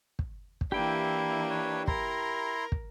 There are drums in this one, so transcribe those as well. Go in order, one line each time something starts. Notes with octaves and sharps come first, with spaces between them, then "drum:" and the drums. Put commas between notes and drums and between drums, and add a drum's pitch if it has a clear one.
drum: kick
drum: kick
E3 A#3 D4 E4 G4 G5
B4 C#5
E4 A#4 A#5 C6, drum: kick
drum: kick